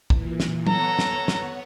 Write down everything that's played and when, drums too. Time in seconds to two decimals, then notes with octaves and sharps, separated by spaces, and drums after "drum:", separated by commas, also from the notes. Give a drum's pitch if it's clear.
0.10 A#2 E3, drum: kick
0.40 drum: snare
0.67 B3 A4 C#5 F#5 A#5, drum: tom F#3
0.99 drum: snare
1.28 drum: snare